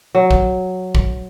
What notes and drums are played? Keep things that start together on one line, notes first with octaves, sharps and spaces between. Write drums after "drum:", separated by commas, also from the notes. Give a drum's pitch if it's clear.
F#3
drum: kick
drum: kick